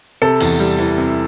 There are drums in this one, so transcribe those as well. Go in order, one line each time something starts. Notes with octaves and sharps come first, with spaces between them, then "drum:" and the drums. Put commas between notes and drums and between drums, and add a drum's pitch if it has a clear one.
C3 A4
E2, drum: cymbal
G3
E3
C3